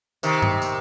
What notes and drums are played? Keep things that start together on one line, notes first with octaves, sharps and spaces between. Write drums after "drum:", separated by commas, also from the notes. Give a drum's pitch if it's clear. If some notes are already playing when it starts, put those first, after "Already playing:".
C3 D#3, drum: tambourine
drum: tom G2
drum: tambourine